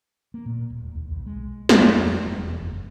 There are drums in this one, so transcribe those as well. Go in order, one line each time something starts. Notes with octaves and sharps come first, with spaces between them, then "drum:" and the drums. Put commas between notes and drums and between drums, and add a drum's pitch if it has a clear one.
A#3
A#2
D#1
D#2
B1
G#3
G2, drum: snare
F2
E1
E2
F#1